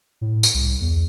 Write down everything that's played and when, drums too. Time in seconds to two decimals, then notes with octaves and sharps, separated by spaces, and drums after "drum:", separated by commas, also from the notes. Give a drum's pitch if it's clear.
0.21 A2
0.43 drum: tambourine
0.54 C2
0.81 E2